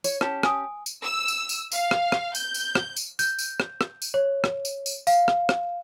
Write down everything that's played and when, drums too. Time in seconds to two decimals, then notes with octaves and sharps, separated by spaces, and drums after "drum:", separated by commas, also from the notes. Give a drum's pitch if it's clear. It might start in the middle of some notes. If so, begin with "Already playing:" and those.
0.04 C#5, drum: tambourine
0.21 C#4 G4 A5, drum: rim click
0.43 G#5 D#6, drum: rim click
0.86 drum: tambourine
1.03 E6
1.28 drum: tambourine
1.49 drum: tambourine
1.72 F5, drum: tambourine
1.91 drum: rim click
2.12 drum: rim click
2.35 G6, drum: tambourine
2.54 drum: tambourine
2.75 drum: rim click
2.96 drum: tambourine
3.19 G6, drum: tambourine
3.39 drum: tambourine
3.60 drum: rim click
3.81 drum: rim click
4.02 drum: tambourine
4.14 C#5
4.44 drum: rim click
4.65 drum: tambourine
4.86 drum: tambourine
5.07 F5, drum: tambourine
5.28 drum: rim click
5.49 drum: rim click